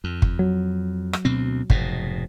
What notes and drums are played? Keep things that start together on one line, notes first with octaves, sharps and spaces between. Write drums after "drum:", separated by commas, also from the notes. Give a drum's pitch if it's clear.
F2
drum: kick
F#3
drum: rim click
D2 B2 C4
F1 G#2 B2, drum: kick